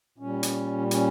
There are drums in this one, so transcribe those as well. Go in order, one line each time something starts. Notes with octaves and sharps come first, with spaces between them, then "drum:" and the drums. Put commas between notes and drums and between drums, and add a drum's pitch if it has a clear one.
A#2 G3 C#4
drum: hi-hat
C#4, drum: hi-hat